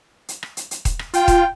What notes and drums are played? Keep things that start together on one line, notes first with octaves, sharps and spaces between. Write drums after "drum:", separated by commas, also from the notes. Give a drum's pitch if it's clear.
drum: hi-hat
drum: rim click
drum: hi-hat
drum: hi-hat
drum: kick D#1, hi-hat
drum: rim click
F4 G5, drum: hi-hat
drum: kick D#1, hi-hat